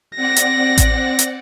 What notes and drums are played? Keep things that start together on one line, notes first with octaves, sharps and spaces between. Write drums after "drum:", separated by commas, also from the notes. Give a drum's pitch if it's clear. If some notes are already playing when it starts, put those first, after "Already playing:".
C4 D5 F#5 A#6
drum: hi-hat
drum: kick A1, hi-hat
drum: hi-hat